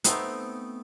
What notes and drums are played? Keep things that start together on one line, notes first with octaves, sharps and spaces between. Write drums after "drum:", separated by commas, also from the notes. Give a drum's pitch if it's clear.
A3 B3 C4 D#4, drum: hi-hat